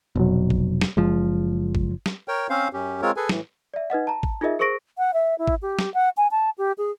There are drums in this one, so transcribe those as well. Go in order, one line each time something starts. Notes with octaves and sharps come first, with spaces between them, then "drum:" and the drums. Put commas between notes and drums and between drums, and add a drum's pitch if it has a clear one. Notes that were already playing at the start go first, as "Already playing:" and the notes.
F1 B2 F#3
drum: kick G#1
drum: snare
F#1 F3 G#3
drum: kick G#1
drum: snare
A#4 C#5 G5
C4 C#4 C5 F5
F#2 C#4 G4
G#3 C4 F4 A#4 C#5
G#4 A4 B4 G#5
A2 E3, drum: snare
D5 E5
D#4 B4 D#5 F#5
A5 A#5
drum: kick G#1
D#4 F4 G#4 A#4 D#5 E5
G#4 A#4 C5 C#6 A#6 D7
F#5
E5
E4
drum: kick G#1
G4
drum: snare
F#5
G#5
A5
G4
G#4